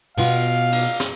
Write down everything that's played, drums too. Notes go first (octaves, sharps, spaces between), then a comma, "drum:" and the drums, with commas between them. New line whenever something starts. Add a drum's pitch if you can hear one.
B2 B3 F4 F5, drum: cymbal
drum: cymbal
drum: snare